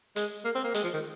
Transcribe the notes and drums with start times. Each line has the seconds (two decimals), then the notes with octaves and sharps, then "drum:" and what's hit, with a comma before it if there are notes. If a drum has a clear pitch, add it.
0.16 G#3, drum: hi-hat
0.45 A#3
0.55 C4
0.64 A#3
0.74 G#3, drum: hi-hat
0.84 F3
0.94 D#3